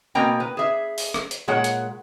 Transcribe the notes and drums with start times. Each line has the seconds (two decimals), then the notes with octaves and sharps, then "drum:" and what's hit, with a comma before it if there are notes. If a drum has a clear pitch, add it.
0.15 B2 A#3 C4 G5 G#5 A#5
0.40 B4
0.57 G#4 E5
0.98 drum: open hi-hat
1.14 drum: rim click
1.31 drum: hi-hat
1.48 A#2 G#3 C#5 F#5
1.64 drum: hi-hat